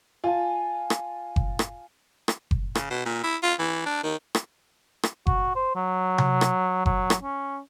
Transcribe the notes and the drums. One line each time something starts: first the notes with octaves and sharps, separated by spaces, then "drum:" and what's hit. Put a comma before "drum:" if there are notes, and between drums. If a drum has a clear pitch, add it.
F4 G#5 A5
drum: rim click
drum: kick F#1
drum: rim click
drum: rim click
drum: kick F#1
C#3, drum: rim click
B2
A#2
E4
F4
E3
D4
D#3
drum: rim click
drum: rim click
F#4, drum: kick F#1
C5
F#3
drum: tom C3
drum: rim click
F#3, drum: kick F#1
drum: rim click
C#4